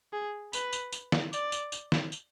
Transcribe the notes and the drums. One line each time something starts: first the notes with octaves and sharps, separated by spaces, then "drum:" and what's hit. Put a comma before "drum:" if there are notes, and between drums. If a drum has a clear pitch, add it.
G#4
B4, drum: tambourine
drum: tambourine
drum: tambourine
drum: snare
D5, drum: tambourine
drum: tambourine
drum: tambourine
drum: snare
drum: tambourine